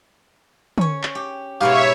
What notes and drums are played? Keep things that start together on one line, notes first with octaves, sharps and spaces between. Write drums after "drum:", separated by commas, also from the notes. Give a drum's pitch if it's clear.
C#4 C#5, drum: tom
drum: clap
G4
G#2 B2 B3 G4 C#5 E5 F5